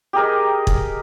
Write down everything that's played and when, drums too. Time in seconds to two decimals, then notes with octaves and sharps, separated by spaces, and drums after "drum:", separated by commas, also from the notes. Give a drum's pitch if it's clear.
0.13 G4 G#4 A#4 D#5
0.67 drum: kick